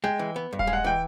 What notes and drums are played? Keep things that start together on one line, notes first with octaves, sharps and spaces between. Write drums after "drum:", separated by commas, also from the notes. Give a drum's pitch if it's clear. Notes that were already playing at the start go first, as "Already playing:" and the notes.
G#3 G5
E3
B3
G2
F5, drum: kick D#1
G#3
F#5
E3 G5